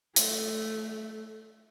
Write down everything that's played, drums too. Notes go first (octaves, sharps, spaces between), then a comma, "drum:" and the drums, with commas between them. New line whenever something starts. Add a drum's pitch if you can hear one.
A3, drum: hi-hat